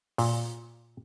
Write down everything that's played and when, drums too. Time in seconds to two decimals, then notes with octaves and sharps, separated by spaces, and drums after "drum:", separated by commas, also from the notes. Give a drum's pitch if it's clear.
0.18 A#2, drum: open hi-hat